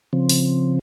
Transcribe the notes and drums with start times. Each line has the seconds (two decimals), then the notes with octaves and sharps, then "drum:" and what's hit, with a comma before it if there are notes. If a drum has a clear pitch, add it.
0.13 C#3 F3 C4
0.29 drum: open hi-hat